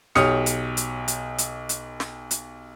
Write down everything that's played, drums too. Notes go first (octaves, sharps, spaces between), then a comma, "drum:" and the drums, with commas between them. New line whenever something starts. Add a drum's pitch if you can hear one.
B1 G4 C#5 D#6 F6 C#7, drum: snare
drum: hi-hat
drum: hi-hat
drum: hi-hat
drum: hi-hat
drum: hi-hat
drum: snare
drum: hi-hat